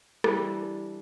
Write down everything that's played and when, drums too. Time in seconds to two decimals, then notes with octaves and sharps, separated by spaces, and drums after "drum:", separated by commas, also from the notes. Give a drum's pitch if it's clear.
0.24 E3 G3 D4 A4, drum: rim click